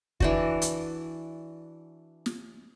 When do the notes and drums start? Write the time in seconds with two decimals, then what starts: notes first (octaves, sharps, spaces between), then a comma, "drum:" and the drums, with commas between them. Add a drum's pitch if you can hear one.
0.20 E3 D4 F#4, drum: kick
0.62 drum: hi-hat
2.26 drum: snare